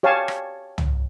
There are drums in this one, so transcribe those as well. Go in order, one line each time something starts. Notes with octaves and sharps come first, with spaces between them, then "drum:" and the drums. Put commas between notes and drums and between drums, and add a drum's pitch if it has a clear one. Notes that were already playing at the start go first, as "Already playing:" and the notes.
G4 C#5 F5 G#5 A5
drum: rim click
drum: tom